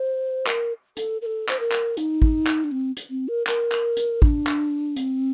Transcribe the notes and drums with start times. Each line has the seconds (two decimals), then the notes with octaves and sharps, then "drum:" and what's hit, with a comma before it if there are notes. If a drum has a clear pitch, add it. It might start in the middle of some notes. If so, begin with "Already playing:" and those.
Already playing: C5
0.46 A#4, drum: clap
0.97 A4, drum: hi-hat
1.22 A#4
1.26 A4
1.49 C5, drum: clap
1.60 A#4
1.72 drum: clap
1.97 D#4, drum: hi-hat
2.22 drum: kick
2.47 drum: clap
2.64 D4
2.71 C4
2.97 drum: hi-hat
3.10 C4
3.28 A#4
3.47 A#4, drum: clap
3.72 drum: clap
3.97 drum: hi-hat
4.22 D4, drum: kick
4.47 drum: clap
4.96 C4, drum: hi-hat